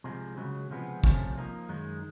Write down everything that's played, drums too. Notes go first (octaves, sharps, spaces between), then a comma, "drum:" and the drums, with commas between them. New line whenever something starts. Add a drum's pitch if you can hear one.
C2 C3 F3 G#3
C#2 C#3 F#3
C#2 C3 F3 G#3 B3
C2 C3 F3 A3 C#4, drum: kick
F3 A#3 D#4
F#2 D#3 G#3